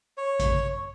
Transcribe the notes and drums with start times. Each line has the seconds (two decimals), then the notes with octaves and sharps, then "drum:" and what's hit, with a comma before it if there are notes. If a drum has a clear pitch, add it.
0.18 C#5
0.40 drum: kick A1, hi-hat